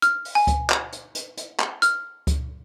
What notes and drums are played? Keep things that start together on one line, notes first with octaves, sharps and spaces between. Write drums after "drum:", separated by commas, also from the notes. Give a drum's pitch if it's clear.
F6, drum: hi-hat
drum: open hi-hat
G#5
drum: kick C#2, hi-hat
drum: clap
drum: hi-hat
drum: hi-hat
drum: hi-hat
drum: clap
F6, drum: hi-hat
drum: kick C#2, hi-hat